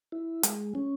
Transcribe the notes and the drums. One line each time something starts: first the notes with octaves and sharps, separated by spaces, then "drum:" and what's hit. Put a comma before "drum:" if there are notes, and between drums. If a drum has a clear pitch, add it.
E4
G#3, drum: hi-hat
C#4